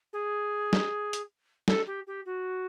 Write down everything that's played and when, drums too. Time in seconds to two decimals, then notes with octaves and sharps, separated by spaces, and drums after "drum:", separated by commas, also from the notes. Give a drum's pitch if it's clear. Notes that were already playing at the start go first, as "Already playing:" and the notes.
0.13 G#4
0.73 drum: snare
1.13 drum: hi-hat
1.68 A4, drum: snare
1.87 G4
2.07 G4
2.25 F#4